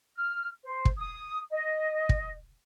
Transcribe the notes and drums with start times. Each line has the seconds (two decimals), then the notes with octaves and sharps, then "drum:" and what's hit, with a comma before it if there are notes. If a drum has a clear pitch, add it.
0.15 F6
0.65 C5
0.85 drum: kick
0.98 D#6
1.51 D#5
2.09 drum: kick